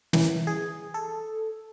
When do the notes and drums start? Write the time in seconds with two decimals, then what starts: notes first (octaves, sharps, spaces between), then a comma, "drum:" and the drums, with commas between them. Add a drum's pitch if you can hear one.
0.13 E3, drum: snare
0.47 G#4
0.94 A4